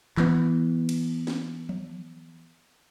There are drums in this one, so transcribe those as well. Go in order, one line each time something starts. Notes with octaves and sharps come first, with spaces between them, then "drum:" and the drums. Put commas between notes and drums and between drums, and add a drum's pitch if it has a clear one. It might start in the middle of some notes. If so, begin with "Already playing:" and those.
E3 B3, drum: clap
drum: cymbal
drum: snare
drum: tom F3